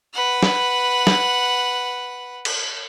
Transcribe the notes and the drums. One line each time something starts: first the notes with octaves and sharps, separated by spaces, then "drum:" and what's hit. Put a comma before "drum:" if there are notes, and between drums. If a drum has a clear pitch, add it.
B4 F#5
drum: snare
drum: snare
drum: cymbal